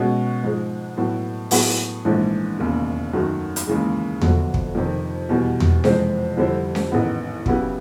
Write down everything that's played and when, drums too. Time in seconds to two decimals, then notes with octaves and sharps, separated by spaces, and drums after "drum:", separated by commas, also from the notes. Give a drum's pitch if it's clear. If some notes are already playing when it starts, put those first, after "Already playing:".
Already playing: B2 G#3 C#4 F#4
0.43 G#2 F3 G#3
0.97 A2 F#3 B3
1.51 A2 F#3 B3 E4 G#4, drum: open hi-hat
2.05 A#1 G#2 E3 A3 D4
2.59 E1 D#2 C#3
3.13 F#2 D#3 F#3 A3
3.56 drum: hi-hat
3.67 D#2 C#3 E3 G#3
4.22 G1 F2 D3 F#3, drum: tom E2
4.54 drum: kick
4.75 F2 C3 D#3
5.29 E2 B2 G3
5.60 drum: tom E2
5.84 F2 C3 E3 G#3 C4, drum: snare C#4
6.37 F2 D3 G3 C4 E4
6.75 drum: snare C#4
6.92 A1 G#2 D#3 G#3 B3
7.46 C#3 F#3 B3 E4 G4, drum: kick